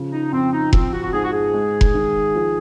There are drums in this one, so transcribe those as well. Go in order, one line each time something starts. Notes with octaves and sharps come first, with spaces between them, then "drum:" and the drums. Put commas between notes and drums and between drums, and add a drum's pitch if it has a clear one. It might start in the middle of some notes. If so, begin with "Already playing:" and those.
Already playing: C#3 F3
D#4
F2 C4
D#4
F3 C4, drum: kick F1
F#4
F#4
G#2 G#4
F#4
G#4
G#3
drum: kick F1
D#3
F3